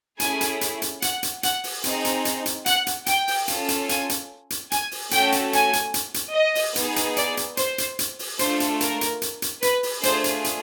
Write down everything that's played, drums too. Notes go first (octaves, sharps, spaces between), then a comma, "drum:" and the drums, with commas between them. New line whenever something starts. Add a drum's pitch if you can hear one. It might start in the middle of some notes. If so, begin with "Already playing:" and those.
A3 C#4 E4 G#4 G#5, drum: hi-hat
drum: hi-hat
drum: hi-hat
drum: hi-hat
F#5, drum: hi-hat
drum: hi-hat
F#5, drum: hi-hat
drum: open hi-hat
C4 D#4 G#4, drum: hi-hat
drum: hi-hat
drum: hi-hat
drum: hi-hat
F#5, drum: hi-hat
drum: hi-hat
G5, drum: hi-hat
drum: open hi-hat
C#4 F4 A4, drum: hi-hat
drum: hi-hat
G#5, drum: hi-hat
drum: hi-hat
drum: hi-hat
G#5, drum: hi-hat
drum: open hi-hat
A3 C#4 F#4 A4 G5, drum: hi-hat
drum: hi-hat
G#5, drum: hi-hat
drum: hi-hat
drum: hi-hat
drum: hi-hat
D#5
drum: open hi-hat
B3 D#4 G#4, drum: hi-hat
drum: hi-hat
D5, drum: hi-hat
drum: hi-hat
C5, drum: hi-hat
drum: hi-hat
drum: hi-hat
drum: open hi-hat
A3 D4 F4 A4 C5, drum: hi-hat
drum: hi-hat
A#4, drum: hi-hat
drum: hi-hat
drum: hi-hat
drum: hi-hat
B4, drum: hi-hat
drum: open hi-hat
A3 D4 F4 G#4 C5, drum: hi-hat
drum: hi-hat
drum: hi-hat